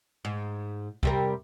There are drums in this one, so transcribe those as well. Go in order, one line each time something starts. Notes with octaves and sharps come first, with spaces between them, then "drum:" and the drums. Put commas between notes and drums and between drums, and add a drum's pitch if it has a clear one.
G#2
C3 G3 A#4, drum: kick